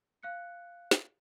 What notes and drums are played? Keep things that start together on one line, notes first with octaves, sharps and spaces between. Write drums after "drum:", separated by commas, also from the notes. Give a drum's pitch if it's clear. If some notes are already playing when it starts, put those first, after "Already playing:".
F5 F#6 C#7
drum: snare